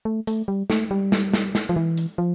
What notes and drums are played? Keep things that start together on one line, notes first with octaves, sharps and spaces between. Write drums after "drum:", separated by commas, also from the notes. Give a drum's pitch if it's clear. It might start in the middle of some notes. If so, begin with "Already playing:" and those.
A3
A3, drum: hi-hat
G3
A3, drum: snare
G3
drum: snare
drum: snare
drum: snare
F3
E3
drum: hi-hat
F3